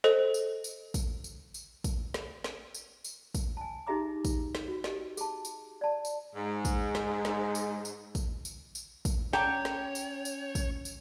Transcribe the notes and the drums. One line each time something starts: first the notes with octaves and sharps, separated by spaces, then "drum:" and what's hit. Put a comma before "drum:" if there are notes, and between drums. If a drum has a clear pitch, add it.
A4 C5 D#5, drum: snare
drum: tambourine
drum: tambourine
drum: kick, tambourine
drum: tambourine
drum: tambourine
drum: kick, tambourine
drum: snare
drum: snare
drum: tambourine
drum: tambourine
drum: kick, tambourine
G#5 A5
D#4 G4 G#4 E5 A#5 D6
drum: kick, tambourine
drum: snare
F#4
G4 D#5, drum: snare
G#4 A5, drum: tambourine
drum: tambourine
D5 A5
drum: tambourine
G#2 G#3
drum: kick, tambourine
drum: snare
drum: snare
drum: tambourine
drum: tambourine
drum: kick, tambourine
drum: tambourine
drum: tambourine
drum: kick, tambourine
C#4 C#5 G5 A5 A#5 D6, drum: snare
drum: snare
drum: tambourine
drum: tambourine
drum: kick, tambourine
drum: tambourine